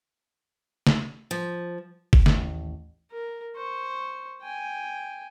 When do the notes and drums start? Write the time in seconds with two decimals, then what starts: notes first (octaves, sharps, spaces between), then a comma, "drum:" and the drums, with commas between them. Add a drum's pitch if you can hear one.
0.87 drum: snare
1.31 F3
2.13 drum: kick G1
2.26 A1 D#2 A3, drum: snare
3.11 A#4
3.56 C5 C#6
4.42 G5 G#5